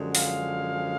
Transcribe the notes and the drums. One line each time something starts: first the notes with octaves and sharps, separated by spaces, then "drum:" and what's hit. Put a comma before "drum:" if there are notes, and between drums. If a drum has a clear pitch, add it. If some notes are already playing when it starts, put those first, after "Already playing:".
Already playing: F#2 D3 F3 G#3
F5, drum: open hi-hat